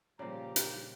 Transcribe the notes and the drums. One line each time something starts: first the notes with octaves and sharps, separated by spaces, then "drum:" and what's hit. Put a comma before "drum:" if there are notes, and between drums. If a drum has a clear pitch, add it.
A#2 C#3 F3 G3 G4 D5 A#5
drum: hi-hat